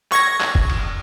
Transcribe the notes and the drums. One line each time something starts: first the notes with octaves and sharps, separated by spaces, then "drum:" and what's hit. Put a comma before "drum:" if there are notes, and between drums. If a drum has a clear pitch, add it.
C#6 G#6 A#6, drum: clap
drum: clap
drum: kick
drum: cymbal